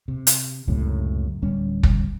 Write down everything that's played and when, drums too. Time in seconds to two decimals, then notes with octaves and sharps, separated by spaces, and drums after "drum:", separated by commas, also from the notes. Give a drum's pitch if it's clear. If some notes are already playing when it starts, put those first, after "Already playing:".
0.08 C3
0.27 drum: hi-hat
0.68 C#2 F#2 A2 C3
1.42 D1 G3 C#4
1.83 drum: kick